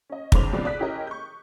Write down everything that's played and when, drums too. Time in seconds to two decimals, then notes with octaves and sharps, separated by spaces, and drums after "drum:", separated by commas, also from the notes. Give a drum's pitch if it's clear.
0.10 C#4 D#5
0.32 B1 A2 C#3 C5 D6 F7, drum: kick
0.52 C#2 B2 F3 C4 D5
0.65 D5 D#6 F#6 B6
0.79 C#4 E4 G4 G#4 A#4 D#5
1.07 C#6 G6